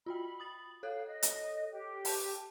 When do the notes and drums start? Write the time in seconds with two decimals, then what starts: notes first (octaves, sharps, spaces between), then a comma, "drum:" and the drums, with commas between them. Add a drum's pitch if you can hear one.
0.06 F4 F#4 G5 B5
0.40 D#6 A6 F#7
0.83 A4 C#5 F5 F#6
1.07 D#5
1.23 drum: hi-hat
1.70 G4
2.05 G5 A5, drum: open hi-hat